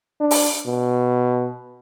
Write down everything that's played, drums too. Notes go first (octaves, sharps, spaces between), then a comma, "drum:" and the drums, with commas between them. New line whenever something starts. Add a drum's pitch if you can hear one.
D4
drum: open hi-hat
B2